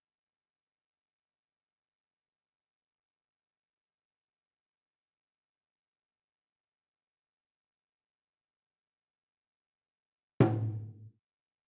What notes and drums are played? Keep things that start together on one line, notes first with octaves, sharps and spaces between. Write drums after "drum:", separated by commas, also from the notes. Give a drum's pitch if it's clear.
D#2 D#3 G#3 C#4 F4
C#3 F3 G#3 C4
C2 A#2 G#3 C#4 F#4
D#2 D#3 F#3
drum: tom A2